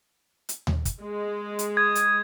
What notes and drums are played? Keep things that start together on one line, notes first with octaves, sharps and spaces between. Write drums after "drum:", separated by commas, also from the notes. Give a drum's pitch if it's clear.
drum: hi-hat
drum: tom D#2
drum: kick, hi-hat
G#3
drum: hi-hat
D#6 G#6
drum: hi-hat